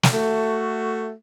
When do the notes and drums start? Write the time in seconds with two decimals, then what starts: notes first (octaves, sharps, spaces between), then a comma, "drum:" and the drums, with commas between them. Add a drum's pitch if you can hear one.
0.03 drum: snare
0.12 A3 F#4